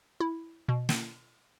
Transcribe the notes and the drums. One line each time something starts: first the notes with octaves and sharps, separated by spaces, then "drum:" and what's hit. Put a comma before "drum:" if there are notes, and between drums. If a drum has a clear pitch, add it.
E4
B2
drum: snare